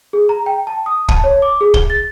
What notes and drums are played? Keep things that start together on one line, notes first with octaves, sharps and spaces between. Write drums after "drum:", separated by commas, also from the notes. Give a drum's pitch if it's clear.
G#4
A#5
G5
A5
D#6
A5, drum: kick
C#5
D6
G#4
G7, drum: kick
A6